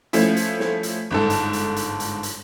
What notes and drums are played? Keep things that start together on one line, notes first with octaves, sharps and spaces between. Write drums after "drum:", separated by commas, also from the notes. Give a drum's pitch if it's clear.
F3 A3 C#4 E4, drum: hi-hat
drum: hi-hat
drum: snare
drum: hi-hat
G1 G#2 A4
drum: hi-hat
drum: hi-hat
drum: hi-hat
drum: hi-hat
drum: hi-hat